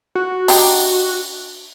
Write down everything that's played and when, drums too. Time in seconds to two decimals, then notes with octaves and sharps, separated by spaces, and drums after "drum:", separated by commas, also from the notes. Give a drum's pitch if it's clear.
0.15 F#4
0.48 D4 D#4 G4, drum: open hi-hat